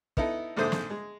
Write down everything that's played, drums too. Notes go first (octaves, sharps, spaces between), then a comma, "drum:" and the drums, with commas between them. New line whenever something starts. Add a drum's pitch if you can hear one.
B3 D#4 E4 A4, drum: kick
A#1 G#2 D3 C5 E5 D#6
drum: snare
G#3